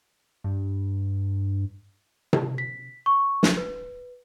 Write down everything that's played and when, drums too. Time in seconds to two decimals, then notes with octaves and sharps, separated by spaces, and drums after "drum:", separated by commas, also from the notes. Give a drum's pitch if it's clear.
0.44 G2
2.33 drum: tom C3
2.58 B6
3.06 C#6
3.43 drum: snare
3.57 B4